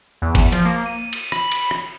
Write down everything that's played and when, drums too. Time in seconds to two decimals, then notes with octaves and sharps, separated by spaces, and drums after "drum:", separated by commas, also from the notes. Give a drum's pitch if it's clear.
0.22 E2
0.35 drum: kick G1, cymbal
0.52 F3, drum: cymbal
0.65 A#3
0.86 D#7
1.13 drum: cymbal
1.32 B5, drum: rim click
1.52 drum: cymbal
1.71 drum: rim click